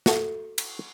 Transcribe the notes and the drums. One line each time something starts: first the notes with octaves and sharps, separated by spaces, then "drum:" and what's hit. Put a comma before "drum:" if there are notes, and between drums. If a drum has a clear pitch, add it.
F#4 A4, drum: snare
drum: cymbal